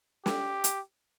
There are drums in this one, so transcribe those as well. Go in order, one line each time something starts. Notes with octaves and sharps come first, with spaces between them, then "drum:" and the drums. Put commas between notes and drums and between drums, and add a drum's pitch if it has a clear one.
G4, drum: snare
drum: hi-hat